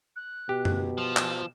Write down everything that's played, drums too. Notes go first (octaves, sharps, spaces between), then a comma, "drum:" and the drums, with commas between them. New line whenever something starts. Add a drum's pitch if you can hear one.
F#6
B2 G4
drum: tom F#2
F3 E7
drum: clap